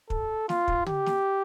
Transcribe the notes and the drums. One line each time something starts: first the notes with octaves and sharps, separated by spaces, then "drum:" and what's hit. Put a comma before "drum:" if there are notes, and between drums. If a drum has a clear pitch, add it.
A4, drum: kick
F4, drum: snare
drum: kick
G4, drum: tom
drum: snare